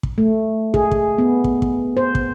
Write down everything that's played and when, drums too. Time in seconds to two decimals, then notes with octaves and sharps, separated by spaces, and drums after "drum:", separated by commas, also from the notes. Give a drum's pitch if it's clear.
0.03 drum: kick
0.18 A3
0.74 G#4, drum: kick
0.91 drum: kick
1.18 B3
1.44 drum: kick
1.62 drum: kick
1.97 C5
2.15 drum: kick